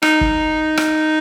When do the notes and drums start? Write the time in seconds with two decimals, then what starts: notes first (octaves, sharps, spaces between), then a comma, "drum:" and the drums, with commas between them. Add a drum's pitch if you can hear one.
0.02 D#4, drum: rim click
0.21 drum: kick
0.77 drum: rim click